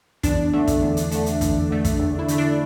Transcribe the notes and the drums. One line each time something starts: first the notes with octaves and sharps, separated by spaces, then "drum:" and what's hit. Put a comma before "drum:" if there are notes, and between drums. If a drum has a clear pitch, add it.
E2 D4, drum: kick, hi-hat
D3 A3
drum: kick, hi-hat
E2
drum: hi-hat
D3 A3, drum: hi-hat
drum: hi-hat
E2, drum: kick, hi-hat
D3 A3
drum: kick, hi-hat
E2
E4
D3 A3, drum: hi-hat
D4